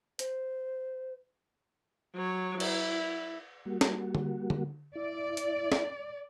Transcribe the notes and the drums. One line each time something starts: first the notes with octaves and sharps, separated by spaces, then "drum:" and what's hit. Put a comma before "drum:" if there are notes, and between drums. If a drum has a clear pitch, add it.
C5, drum: hi-hat
F#3 C#5
E4, drum: cymbal
G3 A#3 F#4
drum: snare
drum: tom D3
drum: tom D3
E4 D5
drum: hi-hat
drum: snare